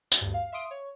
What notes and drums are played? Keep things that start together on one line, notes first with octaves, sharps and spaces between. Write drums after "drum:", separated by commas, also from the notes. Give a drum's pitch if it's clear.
drum: tambourine
D2 G2
F5
E5 F5 C6 D#6 D7
C#5